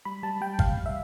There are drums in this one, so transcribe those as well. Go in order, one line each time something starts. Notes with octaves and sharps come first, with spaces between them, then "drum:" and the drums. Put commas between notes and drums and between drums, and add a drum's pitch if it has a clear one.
G3 B5
G3 A5
G3 G5
G3 F5, drum: kick
G3
E5